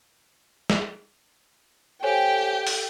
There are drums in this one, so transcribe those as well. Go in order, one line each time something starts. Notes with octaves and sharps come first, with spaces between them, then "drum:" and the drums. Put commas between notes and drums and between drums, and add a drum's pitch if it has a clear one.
drum: snare
G4 A4 C5 C#5 F5 G5 G#5
drum: open hi-hat